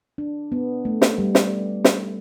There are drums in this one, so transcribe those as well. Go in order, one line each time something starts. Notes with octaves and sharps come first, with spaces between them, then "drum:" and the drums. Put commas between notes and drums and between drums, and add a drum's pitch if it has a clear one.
D4
B3
A3
drum: snare
G3
drum: snare
drum: snare